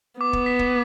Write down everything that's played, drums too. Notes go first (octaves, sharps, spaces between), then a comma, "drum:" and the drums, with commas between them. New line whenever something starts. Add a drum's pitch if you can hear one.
B3 D6
drum: kick
B6 E7
drum: kick